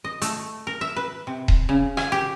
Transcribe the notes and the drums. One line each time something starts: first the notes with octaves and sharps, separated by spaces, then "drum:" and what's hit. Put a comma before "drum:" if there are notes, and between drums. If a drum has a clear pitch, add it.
D#5
A3, drum: hi-hat
A#4
E5
B4
C3
drum: kick D#1
C#3
G#5, drum: rim click
G4